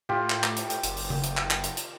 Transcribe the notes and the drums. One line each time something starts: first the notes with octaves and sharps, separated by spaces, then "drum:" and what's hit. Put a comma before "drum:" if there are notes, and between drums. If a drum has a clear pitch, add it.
A2 F4 G4
drum: clap
drum: clap
drum: hi-hat
drum: hi-hat
F#1, drum: hi-hat
drum: open hi-hat
drum: tom C#3
drum: hi-hat
drum: clap
drum: clap
drum: hi-hat
drum: hi-hat